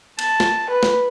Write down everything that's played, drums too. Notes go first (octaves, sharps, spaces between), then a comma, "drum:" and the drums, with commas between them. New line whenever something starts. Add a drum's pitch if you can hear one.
A5, drum: cymbal
drum: snare
B4
drum: snare